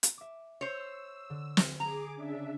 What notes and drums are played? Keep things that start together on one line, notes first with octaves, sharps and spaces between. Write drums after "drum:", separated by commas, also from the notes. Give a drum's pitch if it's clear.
drum: hi-hat
E5 D6
C5 C#5 E6
D3
drum: snare
G#4 A#5 D6
C#3 D4 E5